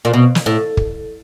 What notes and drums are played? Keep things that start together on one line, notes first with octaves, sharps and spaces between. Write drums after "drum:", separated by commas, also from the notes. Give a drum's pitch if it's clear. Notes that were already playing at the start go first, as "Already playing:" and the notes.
A#2
B2
drum: snare
A2
drum: kick